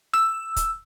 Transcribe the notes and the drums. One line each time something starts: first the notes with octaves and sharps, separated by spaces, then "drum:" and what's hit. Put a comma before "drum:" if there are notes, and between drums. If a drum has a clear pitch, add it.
E6, drum: rim click
drum: kick, hi-hat